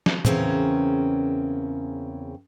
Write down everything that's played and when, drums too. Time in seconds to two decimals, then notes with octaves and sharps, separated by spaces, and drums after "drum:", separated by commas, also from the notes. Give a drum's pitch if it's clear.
0.06 drum: snare
0.25 E2 A2 C#3 C4 C#4 A#4, drum: tom